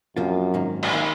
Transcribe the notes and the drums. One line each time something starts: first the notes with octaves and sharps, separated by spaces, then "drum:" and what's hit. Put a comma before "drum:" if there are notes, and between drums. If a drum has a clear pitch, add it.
F#2 C3 F3 A#3 F4
G#2 D#3 A#3
drum: cymbal
D#3 A#3